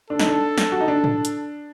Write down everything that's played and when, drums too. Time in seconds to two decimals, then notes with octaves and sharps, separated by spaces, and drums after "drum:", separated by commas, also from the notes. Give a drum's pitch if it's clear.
0.10 D4 A4
0.19 D#4, drum: snare
0.28 D4
0.58 drum: snare
0.72 F#4
0.81 D#4
0.88 D4
1.04 drum: tom A2
1.25 drum: hi-hat